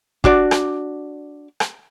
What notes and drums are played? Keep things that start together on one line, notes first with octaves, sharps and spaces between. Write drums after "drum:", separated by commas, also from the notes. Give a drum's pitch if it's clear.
D4 F#4 D5, drum: kick
drum: rim click
drum: rim click